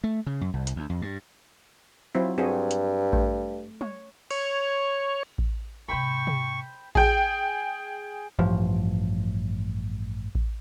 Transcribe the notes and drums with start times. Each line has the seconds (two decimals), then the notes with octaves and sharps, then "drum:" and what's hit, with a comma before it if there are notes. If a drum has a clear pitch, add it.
0.04 A3
0.26 C#3
0.41 F#2
0.53 C2
0.67 drum: hi-hat
0.76 D2
0.90 F2
1.02 G2
2.15 F3 F#3 C4 E4
2.38 G2 C4 F#4 G#4
2.71 drum: hi-hat
3.13 A3, drum: kick A1
3.81 C#5, drum: tom
4.31 C#5, drum: cymbal
5.38 drum: kick A1
5.88 G#2 C3 C5 G5 B5 C#6
6.27 drum: tom
6.95 G#4 G5, drum: kick A1
8.39 A1 G2 F3
10.35 drum: kick A1